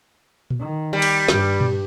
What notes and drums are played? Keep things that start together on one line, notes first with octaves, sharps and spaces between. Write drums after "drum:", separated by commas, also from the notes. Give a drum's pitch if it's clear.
drum: tom A#2
D#3
G3
drum: cymbal
G2, drum: snare
drum: tom A#2